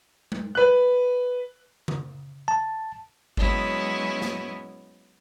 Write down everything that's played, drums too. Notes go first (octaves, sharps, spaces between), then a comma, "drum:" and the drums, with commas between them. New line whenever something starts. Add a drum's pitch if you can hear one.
drum: tom G#3
B4 F#6
drum: tom C#3
A5
F#3 G#3 B3 C#4 E4, drum: kick G1
drum: snare